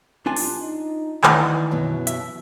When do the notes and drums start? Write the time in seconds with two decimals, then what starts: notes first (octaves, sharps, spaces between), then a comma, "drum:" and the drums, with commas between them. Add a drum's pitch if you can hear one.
0.26 C2 D4 F4 G#5
0.36 drum: open hi-hat
0.60 D#4
1.24 D2 D#3 E3 D#5 F#5, drum: clap
1.71 F#2 B2 F#3
2.07 E5, drum: hi-hat